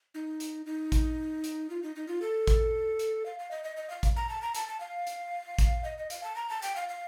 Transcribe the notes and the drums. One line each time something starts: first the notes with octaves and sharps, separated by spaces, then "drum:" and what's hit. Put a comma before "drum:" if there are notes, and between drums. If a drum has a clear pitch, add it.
D#4
drum: hi-hat
D#4
drum: kick A1, hi-hat
drum: hi-hat
F4
D#4
D#4
F4
A4
drum: kick A1, hi-hat
drum: hi-hat
F5
F5
D#5
D#5
D#5
F5
drum: kick A1, hi-hat
A#5
A5
A#5
A5, drum: hi-hat
A5
F5
drum: hi-hat
drum: kick A1, hi-hat
D#5
D#5
F5, drum: hi-hat
A5
A#5
A5
G5, drum: hi-hat
F5
F5